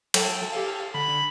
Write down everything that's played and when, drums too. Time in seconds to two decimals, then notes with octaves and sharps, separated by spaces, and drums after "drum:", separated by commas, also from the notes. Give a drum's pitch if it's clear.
0.14 F#3 A4 G5, drum: cymbal
0.52 G4 A4 F5
0.95 D3 B5